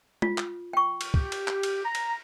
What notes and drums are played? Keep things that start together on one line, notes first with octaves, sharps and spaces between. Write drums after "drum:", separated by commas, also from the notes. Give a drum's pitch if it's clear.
F4, drum: tom
drum: clap
G5 C#6
drum: cymbal
G4, drum: kick
drum: cymbal
drum: clap
drum: cymbal
A#5
drum: cymbal